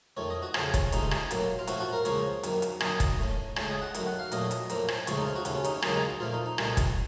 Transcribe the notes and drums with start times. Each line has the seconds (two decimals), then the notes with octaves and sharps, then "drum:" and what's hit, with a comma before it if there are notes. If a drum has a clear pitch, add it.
0.17 F2 D#3 A3 C#5
0.30 D#5
0.42 F#4
0.54 F2 C#3 A3 F4, drum: rim click
0.74 C#4, drum: kick F1, hi-hat
0.92 C#2 C3 F3 A3 D#4, drum: hi-hat
1.11 drum: rim click
1.31 A2 F#3 A#3, drum: hi-hat
1.59 F4
1.67 A2 F3 A3 F#4, drum: hi-hat
1.80 F#4
1.93 A#4
2.05 C#2 C#3 F3 A#3 C#5, drum: hi-hat
2.43 F#2 D#3 A#3, drum: hi-hat
2.62 drum: hi-hat
2.80 F#2 D#3 A#3 D#5, drum: rim click
3.00 drum: kick F1, hi-hat
3.19 A2 A3
3.56 C#2 C#3 A3 A5, drum: rim click
3.69 D#5
3.82 F#5
3.94 F#2 D#3 A3 F#5, drum: hi-hat
4.06 F#5
4.19 F5
4.32 A#2 F#3 A3 D#5, drum: hi-hat
4.51 drum: hi-hat
4.70 A2 F3 A#3, drum: hi-hat
4.88 drum: rim click
5.07 C#2 C#3 F3 A3 C#5, drum: hi-hat
5.17 D#4
5.26 F4
5.36 F#4
5.45 D#2 C#3 A3 C#4, drum: hi-hat
5.55 C#4
5.64 D#4, drum: hi-hat
5.74 C#4
5.82 C#2 C#3 F#3 A#3 D#4, drum: rim click
5.96 D#4
6.20 A#2 F3 A3 F4
6.32 D#4
6.46 D#4
6.58 C2 A#2 A3, drum: rim click
6.77 drum: kick F1, hi-hat